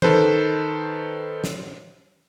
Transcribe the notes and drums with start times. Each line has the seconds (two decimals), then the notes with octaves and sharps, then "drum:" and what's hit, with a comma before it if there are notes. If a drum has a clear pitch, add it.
0.02 D#3 A4 B4 C5, drum: tom E3
1.44 drum: snare